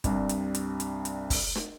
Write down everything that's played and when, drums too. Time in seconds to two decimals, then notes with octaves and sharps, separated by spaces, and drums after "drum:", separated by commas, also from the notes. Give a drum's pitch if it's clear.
0.04 C2 G2 C3, drum: kick, hi-hat
0.29 drum: hi-hat
0.55 drum: hi-hat
0.80 drum: hi-hat
1.05 drum: hi-hat
1.30 drum: kick, open hi-hat
1.55 drum: snare